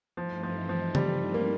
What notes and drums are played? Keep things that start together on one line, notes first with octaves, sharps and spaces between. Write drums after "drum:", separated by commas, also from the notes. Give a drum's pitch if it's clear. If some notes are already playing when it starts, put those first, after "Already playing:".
G2 E3 F3 A3 C4 D#4
F3
F3
G3, drum: tom C#3
A#3